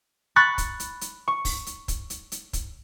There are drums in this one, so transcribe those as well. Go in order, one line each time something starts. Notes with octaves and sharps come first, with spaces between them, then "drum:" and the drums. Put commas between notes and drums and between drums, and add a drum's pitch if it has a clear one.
B5 C#6 F#6 A6
drum: kick, hi-hat
drum: hi-hat
drum: hi-hat
C#6
drum: kick, open hi-hat
drum: hi-hat
drum: kick, hi-hat
drum: hi-hat
drum: hi-hat
drum: kick, hi-hat